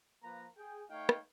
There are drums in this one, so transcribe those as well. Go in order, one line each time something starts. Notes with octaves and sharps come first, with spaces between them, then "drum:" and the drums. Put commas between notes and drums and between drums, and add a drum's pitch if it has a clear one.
F3 A#3 B4 A#5
G#4 G5
A3 D#4 C#5 F5 G5
drum: rim click